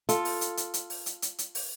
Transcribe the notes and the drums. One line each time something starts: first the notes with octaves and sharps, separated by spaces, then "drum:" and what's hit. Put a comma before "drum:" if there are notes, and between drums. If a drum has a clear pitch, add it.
F4 A4, drum: hi-hat
drum: open hi-hat
drum: hi-hat
drum: hi-hat
drum: hi-hat
drum: open hi-hat
drum: hi-hat
drum: hi-hat
drum: hi-hat
drum: open hi-hat